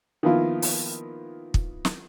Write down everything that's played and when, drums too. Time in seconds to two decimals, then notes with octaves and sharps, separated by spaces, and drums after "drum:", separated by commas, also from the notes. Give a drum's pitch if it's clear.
0.23 D#3 F3 A#3 B3 E4 F4
0.62 drum: open hi-hat
1.54 drum: kick
1.85 drum: snare